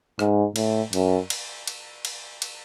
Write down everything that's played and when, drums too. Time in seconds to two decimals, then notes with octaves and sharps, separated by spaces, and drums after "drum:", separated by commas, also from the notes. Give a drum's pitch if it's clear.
0.19 G#2, drum: rim click
0.56 A2, drum: cymbal
0.93 F#2, drum: cymbal
1.30 drum: cymbal
1.67 drum: cymbal
2.05 drum: cymbal
2.42 drum: cymbal